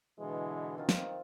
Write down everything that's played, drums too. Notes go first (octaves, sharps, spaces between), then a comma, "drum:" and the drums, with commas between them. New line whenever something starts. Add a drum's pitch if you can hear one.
B2 D3 E3 G#3
D#3 C4 F4
drum: snare